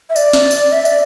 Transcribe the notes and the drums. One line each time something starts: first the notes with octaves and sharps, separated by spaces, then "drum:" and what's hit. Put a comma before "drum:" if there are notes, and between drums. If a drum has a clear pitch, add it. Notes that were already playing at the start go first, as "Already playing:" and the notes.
E5
D5, drum: tambourine
drum: snare
drum: tambourine
E5
D5, drum: tambourine